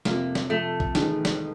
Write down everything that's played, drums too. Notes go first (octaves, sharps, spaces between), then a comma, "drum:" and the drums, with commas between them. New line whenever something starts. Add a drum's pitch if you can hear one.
F2 C3 F3 A#3, drum: snare
drum: snare
F2 C3 F3 A3
drum: kick
A1 G#2 D#3 G#3 B3, drum: snare
drum: snare